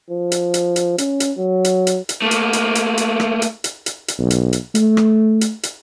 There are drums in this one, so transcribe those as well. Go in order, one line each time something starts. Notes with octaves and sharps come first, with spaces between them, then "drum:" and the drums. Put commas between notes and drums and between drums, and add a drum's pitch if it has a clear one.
F3
drum: hi-hat
drum: hi-hat
drum: hi-hat
C#4, drum: hi-hat
drum: hi-hat
F#3
drum: hi-hat
drum: hi-hat
drum: hi-hat
A3 A#3
drum: hi-hat
drum: hi-hat
drum: hi-hat
drum: hi-hat
drum: rim click
drum: hi-hat
drum: hi-hat
drum: hi-hat
drum: hi-hat
B1
drum: hi-hat
drum: hi-hat
A3, drum: hi-hat
drum: rim click
drum: hi-hat
drum: hi-hat